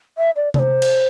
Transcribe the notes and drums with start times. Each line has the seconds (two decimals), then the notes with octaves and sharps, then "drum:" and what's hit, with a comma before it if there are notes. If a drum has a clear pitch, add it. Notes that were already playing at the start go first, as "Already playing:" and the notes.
0.18 E5
0.36 D5
0.54 D5, drum: tom C3
0.59 C5
0.82 drum: cymbal